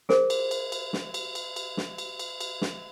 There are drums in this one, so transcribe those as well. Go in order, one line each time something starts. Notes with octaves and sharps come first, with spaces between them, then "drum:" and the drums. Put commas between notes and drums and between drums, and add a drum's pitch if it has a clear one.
G#4 A#4 C5, drum: snare
drum: cymbal
drum: cymbal
drum: cymbal
drum: snare
drum: cymbal
drum: cymbal
drum: cymbal
drum: snare
drum: cymbal
drum: cymbal
drum: cymbal
drum: snare